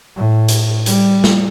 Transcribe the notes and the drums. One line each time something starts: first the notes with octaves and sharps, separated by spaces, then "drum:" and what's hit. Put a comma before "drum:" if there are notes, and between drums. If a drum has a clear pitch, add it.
A2
drum: hi-hat
G3, drum: hi-hat
drum: snare